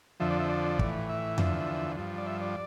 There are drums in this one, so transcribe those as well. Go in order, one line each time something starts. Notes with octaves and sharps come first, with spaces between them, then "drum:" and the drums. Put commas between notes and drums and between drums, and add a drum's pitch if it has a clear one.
F2 D3 F3 E5
D5
E5
D5
A2 E3, drum: kick
E5
E2 D3 F3, drum: tom F2
G2 F3
D5
E5
D5